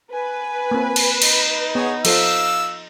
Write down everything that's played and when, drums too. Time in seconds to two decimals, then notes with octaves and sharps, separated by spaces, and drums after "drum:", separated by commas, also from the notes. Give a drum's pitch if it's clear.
0.13 B4 G#5
0.71 A#3 C4
0.96 drum: cymbal
1.22 D#4, drum: cymbal
1.75 B3 G#4 C#5
2.05 F3 A4 C5 F5 E6, drum: cymbal